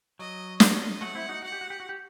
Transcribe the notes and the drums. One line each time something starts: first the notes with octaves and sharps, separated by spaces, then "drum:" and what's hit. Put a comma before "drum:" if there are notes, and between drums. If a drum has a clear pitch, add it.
F#3 D#5
D#5, drum: snare
F#3 A3 F#5
C4 E4
D#4 F#4
F#4 F#5
G4
F#4
G4
F#4
G4